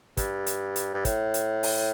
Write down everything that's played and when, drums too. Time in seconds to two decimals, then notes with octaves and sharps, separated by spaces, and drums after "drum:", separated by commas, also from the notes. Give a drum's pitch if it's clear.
0.17 G2, drum: kick, hi-hat
0.46 drum: hi-hat
0.76 drum: hi-hat
0.94 G2
1.05 A2, drum: kick, hi-hat
1.34 drum: hi-hat
1.63 drum: open hi-hat